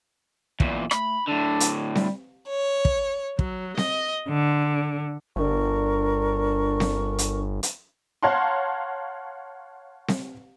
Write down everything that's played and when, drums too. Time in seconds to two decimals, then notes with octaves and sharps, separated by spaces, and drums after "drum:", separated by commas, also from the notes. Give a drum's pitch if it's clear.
0.60 E2 A#2, drum: kick
0.91 A3 B5, drum: rim click
1.28 A2 D3 D4
1.60 drum: hi-hat
1.95 G3, drum: snare C4
2.48 C#5
2.85 drum: kick
3.39 F#3, drum: kick
3.77 D#5, drum: snare C4
4.28 D3
5.36 G1 D4 A#4 C#6
6.80 drum: snare C4
7.18 drum: hi-hat
7.63 drum: hi-hat
8.23 C#5 F5 F#5 A5 A#5 C6
10.08 drum: snare C4